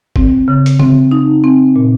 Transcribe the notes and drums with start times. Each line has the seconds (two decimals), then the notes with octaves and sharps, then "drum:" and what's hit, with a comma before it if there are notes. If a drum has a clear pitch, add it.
0.16 C4, drum: kick
0.48 C#3
0.66 drum: hi-hat
0.80 C4, drum: tom
1.11 D#4
1.44 C4
1.76 A#2